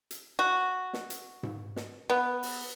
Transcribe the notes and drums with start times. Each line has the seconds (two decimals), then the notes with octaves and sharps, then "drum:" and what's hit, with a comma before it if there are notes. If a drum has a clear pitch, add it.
0.11 drum: hi-hat
0.39 F#4
0.93 drum: snare
1.10 drum: hi-hat
1.43 drum: tom G#2
1.76 drum: snare
2.10 B3
2.43 drum: open hi-hat